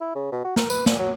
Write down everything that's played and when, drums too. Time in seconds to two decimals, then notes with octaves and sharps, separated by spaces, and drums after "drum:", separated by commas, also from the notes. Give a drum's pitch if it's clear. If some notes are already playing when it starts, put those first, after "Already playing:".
0.01 E4
0.15 C#3
0.32 B2
0.44 F#4
0.56 A#4, drum: snare
0.70 B4, drum: tambourine
0.86 A#2, drum: snare
0.99 F#3